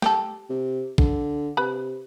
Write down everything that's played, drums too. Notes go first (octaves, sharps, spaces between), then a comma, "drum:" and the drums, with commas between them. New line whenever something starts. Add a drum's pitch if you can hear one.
G4 A4, drum: snare
C3
D3, drum: kick
C3 B4 B5